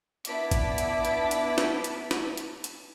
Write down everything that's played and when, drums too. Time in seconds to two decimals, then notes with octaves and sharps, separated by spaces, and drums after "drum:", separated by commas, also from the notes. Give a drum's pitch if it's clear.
0.25 B3 D4 E4 A5 D6 B6, drum: hi-hat
0.51 drum: kick G#1, hi-hat
0.78 drum: hi-hat
1.05 drum: hi-hat
1.31 drum: hi-hat
1.58 drum: snare
1.84 drum: hi-hat
2.11 drum: snare
2.37 drum: hi-hat
2.64 drum: hi-hat